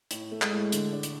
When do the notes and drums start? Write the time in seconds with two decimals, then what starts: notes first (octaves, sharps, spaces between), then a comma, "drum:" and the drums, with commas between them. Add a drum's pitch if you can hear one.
0.11 A2, drum: hi-hat
0.31 A3
0.42 G#3, drum: clap
0.53 A2
0.72 D3, drum: hi-hat
0.93 D4
1.03 drum: hi-hat